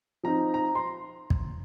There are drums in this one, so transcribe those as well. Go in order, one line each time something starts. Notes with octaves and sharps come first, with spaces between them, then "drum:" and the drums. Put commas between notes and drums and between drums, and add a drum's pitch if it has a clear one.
F3 C4 D#4 A#5
A#5
C6
drum: kick